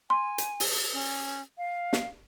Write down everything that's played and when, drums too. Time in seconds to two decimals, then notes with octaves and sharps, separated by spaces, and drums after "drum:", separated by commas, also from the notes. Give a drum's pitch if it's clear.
0.10 G#5 C6
0.38 drum: hi-hat
0.60 drum: open hi-hat
0.93 C#4
1.58 F5
1.93 drum: snare